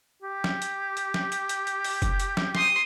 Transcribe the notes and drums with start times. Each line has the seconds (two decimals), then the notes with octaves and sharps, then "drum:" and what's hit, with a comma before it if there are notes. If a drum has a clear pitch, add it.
0.23 G4
0.44 drum: snare
0.62 drum: hi-hat
0.97 drum: hi-hat
1.14 drum: snare
1.32 drum: hi-hat
1.49 drum: hi-hat
1.67 drum: hi-hat
1.84 drum: open hi-hat
2.02 drum: kick F#1, hi-hat
2.20 drum: hi-hat
2.37 drum: snare
2.55 C6 D#6, drum: snare